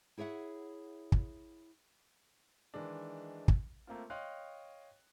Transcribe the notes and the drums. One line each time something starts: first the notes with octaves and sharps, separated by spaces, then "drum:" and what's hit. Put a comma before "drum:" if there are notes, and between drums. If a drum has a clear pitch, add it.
E4 G#4 C#5 E5 F#5
drum: kick
D#3 E3 G#3 D4
drum: kick
A3 A#3 C4 F4
C#5 D#5 F5 G5 C6 F#6